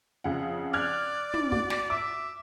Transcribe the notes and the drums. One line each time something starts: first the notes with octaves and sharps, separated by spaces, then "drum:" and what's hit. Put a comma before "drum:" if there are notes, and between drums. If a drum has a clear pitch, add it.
F2 C#3 F#5
D5 F6 F#6 G#6
drum: tom
F#4, drum: kick
drum: snare
E5 D6